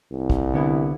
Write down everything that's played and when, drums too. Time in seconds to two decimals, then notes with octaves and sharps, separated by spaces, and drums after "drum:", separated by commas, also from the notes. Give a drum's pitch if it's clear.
0.11 C2
0.30 drum: kick
0.54 D3 B3 E4